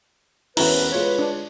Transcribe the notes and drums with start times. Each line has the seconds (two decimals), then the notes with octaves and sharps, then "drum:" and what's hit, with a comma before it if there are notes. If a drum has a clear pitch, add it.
0.57 E1 D2 C#4 E4 B4 A#5, drum: cymbal
0.92 G#3 F4 C#5
1.19 D4